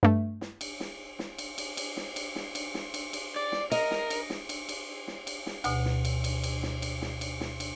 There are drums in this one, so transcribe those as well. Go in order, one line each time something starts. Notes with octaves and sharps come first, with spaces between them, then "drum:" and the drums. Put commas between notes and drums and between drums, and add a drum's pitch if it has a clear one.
G2 A3
drum: snare
drum: cymbal
drum: snare
drum: snare
drum: cymbal
drum: cymbal
drum: cymbal
drum: snare
drum: cymbal
drum: snare
drum: cymbal
drum: snare
drum: cymbal
drum: cymbal
D5
drum: snare
A#4 D#5, drum: cymbal
drum: snare
drum: cymbal
drum: snare
drum: cymbal
drum: cymbal
drum: snare
drum: cymbal
drum: snare
D2 B2, drum: cymbal
drum: snare
drum: cymbal
drum: cymbal
drum: cymbal
drum: snare
drum: cymbal
drum: snare
drum: cymbal
drum: snare
drum: cymbal